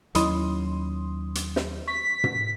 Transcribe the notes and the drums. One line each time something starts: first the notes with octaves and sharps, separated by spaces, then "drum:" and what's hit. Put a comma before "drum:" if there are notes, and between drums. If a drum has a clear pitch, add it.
D#2 F#3 C#4 E4 D#5 B5 C6 D#6, drum: hi-hat
drum: hi-hat
drum: snare
C#6 B6
drum: tom